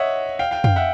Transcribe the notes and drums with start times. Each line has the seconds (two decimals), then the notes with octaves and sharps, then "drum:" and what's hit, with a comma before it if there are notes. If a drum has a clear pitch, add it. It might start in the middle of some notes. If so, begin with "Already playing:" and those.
Already playing: C#5 D#5 E5 F#5
0.39 F5 G5
0.51 F5 G5
0.64 F5 G5, drum: tom
0.76 E5 F#5